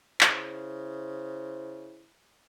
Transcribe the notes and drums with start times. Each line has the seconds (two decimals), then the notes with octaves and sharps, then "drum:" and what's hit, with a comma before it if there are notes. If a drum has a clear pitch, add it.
0.21 C#3 E4 C5, drum: clap